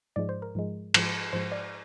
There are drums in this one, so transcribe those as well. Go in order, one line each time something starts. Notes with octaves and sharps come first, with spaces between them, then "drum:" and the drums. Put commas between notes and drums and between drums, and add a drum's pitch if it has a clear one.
G#2 F3 G#3 D5
C5
A#4
G#2 F3 G#3
G#2 F3 G#3, drum: cymbal
G#2 F3 G#3 C5
D5